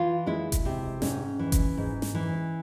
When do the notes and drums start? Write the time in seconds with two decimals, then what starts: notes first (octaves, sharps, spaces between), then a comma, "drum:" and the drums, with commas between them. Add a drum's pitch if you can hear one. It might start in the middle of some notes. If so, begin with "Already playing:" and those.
Already playing: E3 F4
0.26 G#3 E4
0.52 drum: kick F#1, hi-hat
0.65 C3
1.02 G#2 C#4, drum: snare
1.39 E3
1.52 drum: kick F#1, hi-hat
1.77 G#2
2.02 drum: snare
2.15 E3